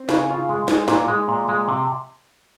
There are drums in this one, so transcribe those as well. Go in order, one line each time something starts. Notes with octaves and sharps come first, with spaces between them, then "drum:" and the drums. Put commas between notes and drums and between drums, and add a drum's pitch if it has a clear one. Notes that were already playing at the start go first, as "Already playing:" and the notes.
Already playing: C4
C#3, drum: snare
F4
G#3
G#3, drum: snare
A#2, drum: snare
G#3
A#2
G#3
C3